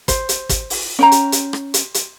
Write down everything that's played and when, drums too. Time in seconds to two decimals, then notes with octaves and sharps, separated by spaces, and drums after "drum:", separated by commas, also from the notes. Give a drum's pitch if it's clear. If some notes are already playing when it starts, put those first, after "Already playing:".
0.08 C5, drum: kick, hi-hat
0.29 drum: hi-hat
0.49 drum: kick, hi-hat
0.70 drum: open hi-hat
0.99 C#4 G5 A#5
1.12 drum: hi-hat
1.32 drum: hi-hat
1.53 drum: rim click
1.74 drum: hi-hat
1.94 drum: hi-hat